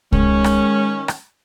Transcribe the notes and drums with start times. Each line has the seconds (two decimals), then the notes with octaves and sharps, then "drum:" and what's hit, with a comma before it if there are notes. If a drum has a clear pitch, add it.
0.12 D#3 G#3 C#4, drum: kick C2
0.44 drum: rim click
1.08 drum: rim click